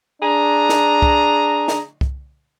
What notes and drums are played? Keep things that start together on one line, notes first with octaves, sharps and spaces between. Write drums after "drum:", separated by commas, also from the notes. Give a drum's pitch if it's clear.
D4 G#4 A#5
drum: snare
drum: kick
drum: snare
drum: kick